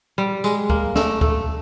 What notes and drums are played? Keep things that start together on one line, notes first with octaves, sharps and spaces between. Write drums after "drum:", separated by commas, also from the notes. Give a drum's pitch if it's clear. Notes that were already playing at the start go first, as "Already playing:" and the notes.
G3
G#3, drum: tambourine
A#3, drum: kick C#2
A3, drum: snare
A3, drum: kick C#2